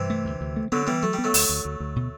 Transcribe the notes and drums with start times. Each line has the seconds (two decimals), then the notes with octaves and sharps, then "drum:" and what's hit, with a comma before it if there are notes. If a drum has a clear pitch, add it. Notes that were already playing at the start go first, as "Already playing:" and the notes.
Already playing: G2 C3 E3
0.10 A3
0.25 D2
0.41 D2
0.56 A3
0.72 D3 F#3 B3
0.87 E3 G3 B3
1.03 F#3 A3
1.13 G3
1.18 B3
1.24 F#3 A3
1.34 D2, drum: open hi-hat
1.49 D2
1.65 D2
1.80 D2
1.96 B2